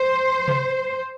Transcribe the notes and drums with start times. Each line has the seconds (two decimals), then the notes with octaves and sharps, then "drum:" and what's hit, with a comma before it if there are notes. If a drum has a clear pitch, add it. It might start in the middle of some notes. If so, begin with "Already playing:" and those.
Already playing: C5
0.48 drum: tom C3